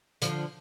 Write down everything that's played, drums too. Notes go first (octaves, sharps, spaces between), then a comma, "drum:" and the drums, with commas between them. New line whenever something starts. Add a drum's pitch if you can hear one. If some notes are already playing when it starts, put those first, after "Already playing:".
D3 F3, drum: hi-hat